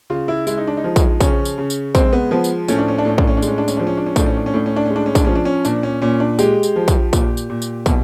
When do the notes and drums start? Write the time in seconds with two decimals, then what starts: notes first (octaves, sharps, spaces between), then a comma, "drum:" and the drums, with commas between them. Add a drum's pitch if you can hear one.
0.10 C#3 F4
0.28 E4
0.47 G#3 E4, drum: tambourine
0.58 D#4
0.67 D4
0.77 D#4
0.84 F3
0.96 drum: kick, tambourine
1.21 C#3 C#4, drum: kick, tambourine
1.45 drum: tambourine
1.58 C#3
1.70 drum: tambourine
1.95 G#3 C4, drum: kick, tambourine
2.13 B3
2.31 F3 B3
2.44 drum: tambourine
2.68 A2 C#4, drum: tambourine
2.78 D4
2.88 C#4
2.98 D4
3.05 A2 C#4
3.18 D4, drum: kick
3.27 C#4
3.37 D4
3.42 G#3, drum: tambourine
3.48 C#4
3.58 D4
3.68 C#4, drum: tambourine
3.77 F3 D4
3.87 C#4
3.97 D4
4.06 C#4
4.16 A2 D4, drum: kick, tambourine
4.26 C#4
4.37 D4
4.46 C#4
4.54 A2 D4
4.66 C#4
4.76 D4
4.86 G#3 C#4
4.96 D4
5.06 C#4
5.15 D4, drum: kick, tambourine
5.25 F3 C#4
5.35 D4
5.45 C#4
5.65 A#2 D4, drum: tambourine
5.83 C#4
6.02 A#2 C#4
6.20 D4
6.39 G#3 G4, drum: tambourine
6.63 drum: tambourine
6.76 F3
6.88 drum: kick, tambourine
7.13 A#2, drum: kick, tambourine
7.37 drum: tambourine
7.50 A#2
7.62 drum: tambourine
7.86 B2, drum: kick, tambourine